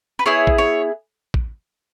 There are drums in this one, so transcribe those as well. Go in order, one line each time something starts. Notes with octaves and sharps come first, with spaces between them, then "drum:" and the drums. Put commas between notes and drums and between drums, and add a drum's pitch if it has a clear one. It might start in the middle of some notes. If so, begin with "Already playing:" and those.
B4
B3 E4 G#4 C#5
drum: kick
C#5
drum: kick